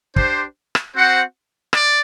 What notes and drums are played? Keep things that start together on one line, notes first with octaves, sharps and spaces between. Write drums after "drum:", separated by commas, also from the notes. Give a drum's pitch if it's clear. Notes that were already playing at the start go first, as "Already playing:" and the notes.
D4 G4 C5, drum: kick
drum: rim click
C4 F#4 C5 F#5
D5, drum: rim click